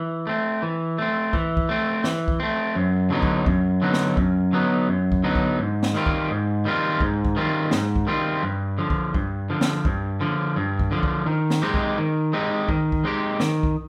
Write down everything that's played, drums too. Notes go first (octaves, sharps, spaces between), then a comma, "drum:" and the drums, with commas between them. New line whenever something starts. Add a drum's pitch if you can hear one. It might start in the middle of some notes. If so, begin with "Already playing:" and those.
Already playing: E3
A3 C4
E3
A3 C4
E3, drum: kick
drum: kick
A3 C4
E3, drum: snare
drum: kick
A3 C4
F#2
D3 F#3 B3 D#4
drum: kick
F#2, drum: kick
D3 F#3 B3 D#4
drum: snare
F#2, drum: kick
D3 F#3 B3 D#4
F#2
drum: kick
D3 F#3 B3 D#4
drum: kick
G#2
drum: snare
D#3 G3 C4 F4
drum: kick
G#2
D#3 G3 C4 F4
G#2, drum: kick
drum: kick
D#3 G3 C4 F4
G#2, drum: snare
drum: kick
D#3 G3 C4 F4
G2
D3 F3
drum: kick
G2, drum: kick
D3 F3
drum: snare
G2, drum: kick
D3 F3
G2
drum: kick
D3 F3
drum: kick
D#3
drum: snare
G#3 C4 D#4 G4
drum: kick
D#3
G#3 C4 D#4 G4
D#3, drum: kick
drum: kick
G#3 C4 D#4 G4
D#3, drum: snare
drum: kick